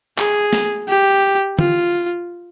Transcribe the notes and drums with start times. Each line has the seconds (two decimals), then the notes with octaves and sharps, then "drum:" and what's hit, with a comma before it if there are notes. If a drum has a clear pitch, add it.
0.18 G#4, drum: clap
0.53 drum: snare
0.88 G4
1.59 F4, drum: tom